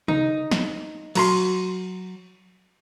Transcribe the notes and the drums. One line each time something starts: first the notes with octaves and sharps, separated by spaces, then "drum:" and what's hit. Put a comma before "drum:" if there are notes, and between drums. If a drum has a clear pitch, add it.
D#4, drum: tom
drum: snare
F#3 A#5 C6, drum: cymbal